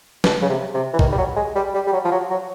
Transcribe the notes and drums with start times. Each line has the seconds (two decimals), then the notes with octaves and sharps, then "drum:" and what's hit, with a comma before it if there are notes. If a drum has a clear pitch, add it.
0.24 B2, drum: snare
0.42 C#3
0.49 C3
0.74 C3
0.93 E3
0.99 D#3, drum: kick A1
1.12 G3
1.18 F#3
1.36 G#3
1.55 G3
1.74 G3
1.87 G3
1.93 F#3
2.04 F3
2.11 F#3
2.30 F#3